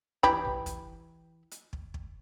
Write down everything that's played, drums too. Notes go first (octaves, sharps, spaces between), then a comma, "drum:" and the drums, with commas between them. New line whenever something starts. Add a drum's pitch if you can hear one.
E3 G4 B5, drum: kick
drum: tom A#1
drum: kick, hi-hat
drum: hi-hat
drum: kick
drum: kick